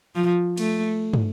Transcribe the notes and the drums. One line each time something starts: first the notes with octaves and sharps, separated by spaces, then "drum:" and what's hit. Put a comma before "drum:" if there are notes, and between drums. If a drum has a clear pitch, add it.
F3
A3, drum: cymbal
drum: tom